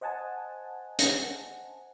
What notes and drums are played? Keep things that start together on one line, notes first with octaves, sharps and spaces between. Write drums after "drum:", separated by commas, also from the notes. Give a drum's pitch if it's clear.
C5 D#5 F#5 G#5 A5
drum: hi-hat